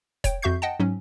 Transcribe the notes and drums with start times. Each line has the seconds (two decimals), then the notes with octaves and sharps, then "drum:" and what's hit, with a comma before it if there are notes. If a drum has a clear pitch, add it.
0.24 C#5 G5, drum: kick E1, hi-hat
0.42 F2 F#4 E5 C#6 G6 C7
0.62 D#5 F#5 G5 A5
0.80 G#2 F#3 C#4